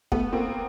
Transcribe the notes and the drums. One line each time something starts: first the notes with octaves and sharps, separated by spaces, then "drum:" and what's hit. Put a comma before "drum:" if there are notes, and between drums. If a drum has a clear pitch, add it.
A3 B3, drum: kick
A#3 C4